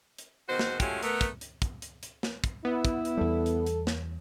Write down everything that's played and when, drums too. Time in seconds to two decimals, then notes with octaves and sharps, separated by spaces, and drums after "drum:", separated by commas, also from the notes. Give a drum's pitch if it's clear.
0.18 drum: hi-hat
0.49 G#2 B2 D#3 F#4 C5
0.59 drum: snare
0.80 F3 G#3 A3 C#4 F#4 G4, drum: kick, hi-hat
1.03 A3 B3 A#4, drum: hi-hat
1.21 drum: kick, hi-hat
1.41 drum: hi-hat
1.62 drum: kick, hi-hat
1.82 drum: hi-hat
2.03 drum: hi-hat
2.23 drum: snare
2.44 drum: kick, hi-hat
2.65 B3 E4
2.85 drum: kick, hi-hat
3.05 drum: hi-hat
3.17 E2 G3 A4
3.46 drum: hi-hat
3.66 drum: hi-hat
3.87 drum: snare